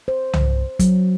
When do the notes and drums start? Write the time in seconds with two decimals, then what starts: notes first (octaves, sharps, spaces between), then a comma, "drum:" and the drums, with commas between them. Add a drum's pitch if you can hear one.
0.08 C5
0.33 drum: tom C2
0.80 F#3, drum: kick, hi-hat